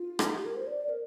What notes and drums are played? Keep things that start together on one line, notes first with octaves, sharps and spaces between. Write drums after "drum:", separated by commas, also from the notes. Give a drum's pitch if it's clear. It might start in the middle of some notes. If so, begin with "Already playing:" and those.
Already playing: F4
drum: rim click
G4
A#4
C5
D5
D5
A#4